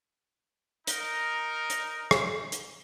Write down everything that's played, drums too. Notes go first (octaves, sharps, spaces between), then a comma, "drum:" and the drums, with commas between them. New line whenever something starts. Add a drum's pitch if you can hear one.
D#4 A#4, drum: hi-hat
drum: hi-hat
drum: rim click
drum: hi-hat